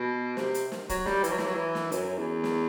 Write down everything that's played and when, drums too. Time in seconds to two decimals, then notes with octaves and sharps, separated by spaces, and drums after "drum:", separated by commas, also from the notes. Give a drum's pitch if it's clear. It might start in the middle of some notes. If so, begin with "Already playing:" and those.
Already playing: B2
0.37 C3, drum: snare
0.54 drum: hi-hat
0.72 drum: snare
0.89 F#3, drum: kick, hi-hat
1.06 G3, drum: snare
1.24 E3, drum: hi-hat
1.31 F#3
1.38 E3, drum: snare
1.47 F#3
1.54 E3
1.75 drum: snare
1.92 F#2, drum: hi-hat
2.18 E2
2.44 drum: snare